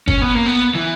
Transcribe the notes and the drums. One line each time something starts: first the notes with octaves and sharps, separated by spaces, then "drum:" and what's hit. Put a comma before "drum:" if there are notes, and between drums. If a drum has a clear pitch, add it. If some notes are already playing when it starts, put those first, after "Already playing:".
C#4, drum: kick G1
B3
A#3
B3
E3